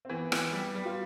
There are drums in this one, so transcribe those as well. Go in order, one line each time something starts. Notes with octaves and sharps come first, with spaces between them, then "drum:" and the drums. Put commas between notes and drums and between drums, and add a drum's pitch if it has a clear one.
C4
E3 B3
E3, drum: rim click
G3
G3
F4